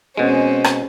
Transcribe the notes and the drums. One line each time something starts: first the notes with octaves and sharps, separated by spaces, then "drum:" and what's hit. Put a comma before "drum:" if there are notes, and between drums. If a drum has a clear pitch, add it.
B2 G#3 C4 C#4
drum: rim click